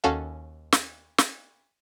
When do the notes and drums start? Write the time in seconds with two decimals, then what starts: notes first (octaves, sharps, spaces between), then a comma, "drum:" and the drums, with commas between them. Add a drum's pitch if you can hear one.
0.04 D#2 C#4 F#4 A4 F5
0.72 drum: snare
1.18 drum: snare